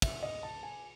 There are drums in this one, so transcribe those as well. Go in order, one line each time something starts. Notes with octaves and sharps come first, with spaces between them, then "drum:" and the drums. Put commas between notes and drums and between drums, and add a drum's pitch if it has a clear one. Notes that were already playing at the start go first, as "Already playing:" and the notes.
E5, drum: kick, cymbal
D#5
A5
G#5